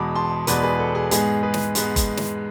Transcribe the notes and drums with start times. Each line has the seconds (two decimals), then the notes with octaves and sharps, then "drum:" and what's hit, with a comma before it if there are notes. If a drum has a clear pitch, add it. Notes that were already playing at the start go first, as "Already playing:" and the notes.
Already playing: E2 B2 G#3 B5 D6
0.15 A5 C6
0.47 E2 B2 G#3 B4 D5, drum: hi-hat
0.63 G#4 B4
0.79 A4
0.95 G#4
1.11 G#2 G#3 B3 G#4, drum: hi-hat
1.43 G#4 B4
1.54 drum: snare
1.75 G#2 G#3 B3, drum: hi-hat
1.96 drum: kick F#1, hi-hat
2.17 drum: snare